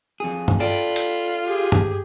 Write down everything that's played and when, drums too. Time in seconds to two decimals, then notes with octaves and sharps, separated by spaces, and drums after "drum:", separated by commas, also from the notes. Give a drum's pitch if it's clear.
0.20 F2 G#4
0.48 drum: tom G2
0.60 F4 A4 D5 G5 B5
0.96 drum: hi-hat
1.45 G4 G#4
1.72 drum: tom G2